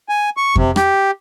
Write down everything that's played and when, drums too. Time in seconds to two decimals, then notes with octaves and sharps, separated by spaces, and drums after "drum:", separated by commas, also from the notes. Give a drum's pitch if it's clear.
0.09 G#5
0.37 C#6
0.56 C3, drum: kick F2
0.76 G4, drum: rim click